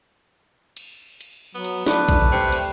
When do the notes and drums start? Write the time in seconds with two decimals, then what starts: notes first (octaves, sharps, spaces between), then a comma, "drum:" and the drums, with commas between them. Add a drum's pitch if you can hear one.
0.77 drum: cymbal
1.21 drum: cymbal
1.55 F#3 B3
1.65 drum: cymbal
1.86 A3 B4 D5, drum: snare
2.08 drum: kick A#1, cymbal
2.32 C3 G5
2.52 drum: cymbal